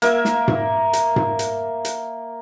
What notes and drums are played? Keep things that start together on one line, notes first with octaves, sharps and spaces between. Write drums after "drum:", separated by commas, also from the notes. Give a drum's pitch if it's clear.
A#3 E5, drum: hi-hat
drum: snare
drum: tom G#2
drum: hi-hat
drum: tom G#2
drum: hi-hat
drum: hi-hat